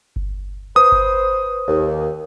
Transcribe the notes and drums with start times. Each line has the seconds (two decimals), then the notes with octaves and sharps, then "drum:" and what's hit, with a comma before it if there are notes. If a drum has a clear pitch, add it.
0.16 drum: kick G1
0.76 B4 C5 D#6
0.92 drum: kick G1
1.68 D#2